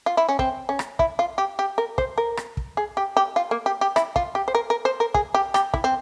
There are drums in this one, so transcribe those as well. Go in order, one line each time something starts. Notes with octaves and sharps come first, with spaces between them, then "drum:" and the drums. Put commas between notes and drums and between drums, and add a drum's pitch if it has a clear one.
F4
E4
C#4
C4, drum: kick
C#4
drum: rim click
E4, drum: kick
F4
G4
G4
A#4
C5, drum: kick
A#4
drum: rim click
drum: kick
G#4
G4
G4
F4
A#3
G4
G4
E4, drum: rim click
F4, drum: kick
G4
C5
A#4
A#4
C5
A#4
G#4, drum: kick
G4
G4, drum: rim click
E4, drum: kick
C4